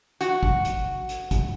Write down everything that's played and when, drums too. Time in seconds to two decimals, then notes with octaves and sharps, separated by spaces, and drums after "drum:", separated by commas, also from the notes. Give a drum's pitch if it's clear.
0.21 F#4, drum: hi-hat
0.43 drum: kick
0.65 drum: hi-hat
1.09 drum: hi-hat
1.31 drum: kick, hi-hat